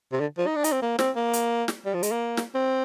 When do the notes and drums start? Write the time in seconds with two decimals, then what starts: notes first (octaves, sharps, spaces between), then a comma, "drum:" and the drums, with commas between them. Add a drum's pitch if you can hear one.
0.12 C3
0.20 D3
0.38 F3
0.46 D#4
0.56 D4
0.64 D#4, drum: hi-hat
0.72 C4
0.82 A#3
0.99 C4, drum: snare
1.16 A#3
1.33 drum: hi-hat
1.68 drum: snare
1.85 G3
1.94 F3
2.03 G#3, drum: hi-hat
2.11 A#3
2.37 drum: snare
2.55 C4